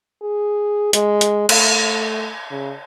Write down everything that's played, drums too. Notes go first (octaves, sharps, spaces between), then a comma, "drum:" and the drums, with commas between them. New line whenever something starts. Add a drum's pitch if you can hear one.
G#4
G#3, drum: hi-hat
drum: hi-hat
A3, drum: cymbal
C#3